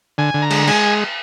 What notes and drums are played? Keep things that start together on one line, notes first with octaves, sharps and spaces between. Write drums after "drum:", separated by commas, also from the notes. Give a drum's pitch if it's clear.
D3 G#5
D3
A#5
G#3, drum: cymbal
G#3 G#5, drum: cymbal